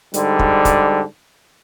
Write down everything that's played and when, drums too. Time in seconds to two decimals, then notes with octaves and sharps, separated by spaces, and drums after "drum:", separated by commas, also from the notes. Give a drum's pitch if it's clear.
0.14 G#2 D3 G3, drum: hi-hat
0.39 drum: kick
0.65 drum: kick, hi-hat